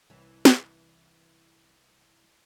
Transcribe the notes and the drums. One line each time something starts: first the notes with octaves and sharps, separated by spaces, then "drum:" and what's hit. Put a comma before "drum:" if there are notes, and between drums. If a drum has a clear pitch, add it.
C2 E3
drum: snare